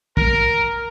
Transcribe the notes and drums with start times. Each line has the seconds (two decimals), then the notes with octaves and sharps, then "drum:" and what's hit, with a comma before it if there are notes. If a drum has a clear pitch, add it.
0.17 A#4, drum: kick